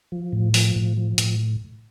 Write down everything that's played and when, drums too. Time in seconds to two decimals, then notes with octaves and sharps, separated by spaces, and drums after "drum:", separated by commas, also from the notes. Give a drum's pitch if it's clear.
0.12 F3
0.33 A2
0.54 F3, drum: open hi-hat
0.76 A2
0.97 F3
1.18 A2, drum: hi-hat